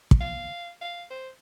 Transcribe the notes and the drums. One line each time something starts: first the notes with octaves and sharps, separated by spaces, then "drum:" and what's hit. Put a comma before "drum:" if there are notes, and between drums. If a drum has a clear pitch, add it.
drum: kick
F5
F5
C5